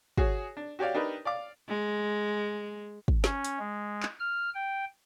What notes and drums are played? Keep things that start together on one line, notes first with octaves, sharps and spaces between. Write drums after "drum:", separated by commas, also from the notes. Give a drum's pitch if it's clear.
F#4 G#4 C#5, drum: kick
D4
F#4 G4 C#5 D5 F5
D4 D#4 G4 A#4 B4
D5 F5 D6
G#3
drum: kick
C#4, drum: snare
drum: hi-hat
G#3
drum: clap
F6
G5